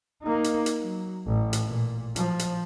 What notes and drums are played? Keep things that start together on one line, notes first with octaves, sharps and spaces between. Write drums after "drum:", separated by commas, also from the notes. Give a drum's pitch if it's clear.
A#3 D#4
drum: hi-hat
drum: hi-hat
F#3
A1
drum: hi-hat
A#2
F3, drum: hi-hat
drum: hi-hat